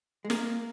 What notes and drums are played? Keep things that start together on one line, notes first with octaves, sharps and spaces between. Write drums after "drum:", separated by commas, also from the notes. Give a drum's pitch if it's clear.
G#3
A#3, drum: snare